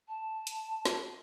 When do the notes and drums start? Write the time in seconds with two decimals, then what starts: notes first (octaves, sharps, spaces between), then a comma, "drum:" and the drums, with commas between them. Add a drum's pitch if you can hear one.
0.08 A5
0.47 drum: hi-hat
0.85 drum: snare